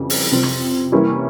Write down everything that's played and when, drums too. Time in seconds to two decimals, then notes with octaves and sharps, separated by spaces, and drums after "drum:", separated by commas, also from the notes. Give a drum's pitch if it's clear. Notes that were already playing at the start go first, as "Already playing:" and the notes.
Already playing: F2 C#3 E3 G3
0.10 drum: open hi-hat
0.32 C3 F3 C4
0.43 drum: rim click
0.92 E3 G3 A#3 C#4 E4